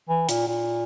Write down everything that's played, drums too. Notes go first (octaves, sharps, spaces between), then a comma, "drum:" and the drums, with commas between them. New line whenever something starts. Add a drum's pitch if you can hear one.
E3
A#2, drum: hi-hat
A#2